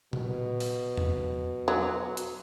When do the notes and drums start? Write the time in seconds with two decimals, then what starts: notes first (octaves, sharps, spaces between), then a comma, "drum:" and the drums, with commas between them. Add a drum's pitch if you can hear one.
0.13 B2, drum: tom A#2
0.60 drum: open hi-hat
0.97 drum: tom E2
1.68 F#3
2.17 drum: hi-hat